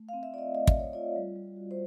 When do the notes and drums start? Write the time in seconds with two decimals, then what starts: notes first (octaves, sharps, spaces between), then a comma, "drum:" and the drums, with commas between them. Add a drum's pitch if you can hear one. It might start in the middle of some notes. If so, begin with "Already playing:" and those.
Already playing: A3
0.09 F5
0.13 C4
0.23 E5
0.33 F4 D5
0.38 D#5
0.54 A3 D#5
0.67 D5, drum: kick
0.75 C4 C#5
0.93 F4 D5
1.16 G3
1.36 G3
1.56 F#4
1.71 C5